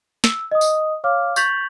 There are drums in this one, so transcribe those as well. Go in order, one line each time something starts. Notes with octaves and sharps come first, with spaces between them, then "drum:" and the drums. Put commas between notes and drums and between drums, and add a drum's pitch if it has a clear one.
E6, drum: snare
D#5 D#6
drum: tambourine
C#5 F5 D6 F6
C#6 G6 A6 B6 F7 F#7, drum: tambourine